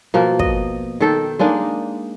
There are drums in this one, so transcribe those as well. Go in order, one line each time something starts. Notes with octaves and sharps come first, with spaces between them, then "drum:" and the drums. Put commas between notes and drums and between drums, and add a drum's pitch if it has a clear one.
B2 F3 A#3
D#5, drum: kick
D#3 A4 G5
G#3 A#3 D4 D#4